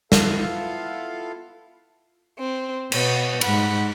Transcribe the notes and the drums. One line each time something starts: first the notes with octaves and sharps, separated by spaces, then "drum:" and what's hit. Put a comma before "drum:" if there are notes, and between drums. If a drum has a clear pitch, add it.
B3 E4 F4 A4 F5, drum: snare
C4
B2 B3 C#5, drum: cymbal
G#2 F#5 B5, drum: cymbal